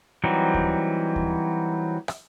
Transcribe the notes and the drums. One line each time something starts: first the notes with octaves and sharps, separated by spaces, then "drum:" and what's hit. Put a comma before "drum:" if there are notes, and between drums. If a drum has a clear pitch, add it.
E3 F#3 G3 C4 D#4
drum: kick D2
drum: kick D2
drum: rim click